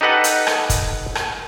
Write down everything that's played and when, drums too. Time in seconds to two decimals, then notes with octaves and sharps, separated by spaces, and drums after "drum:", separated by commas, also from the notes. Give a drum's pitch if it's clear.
0.01 D#4 G4 A4 B4 D#5 F#5
0.24 drum: hi-hat
0.47 drum: rim click
0.70 drum: kick, hi-hat
1.15 drum: rim click